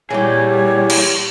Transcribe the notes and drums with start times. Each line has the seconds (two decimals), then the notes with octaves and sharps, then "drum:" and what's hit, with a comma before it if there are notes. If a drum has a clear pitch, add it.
0.10 A#2 E3 G3 A3 E4 G4 G#4 C#5
0.90 drum: cymbal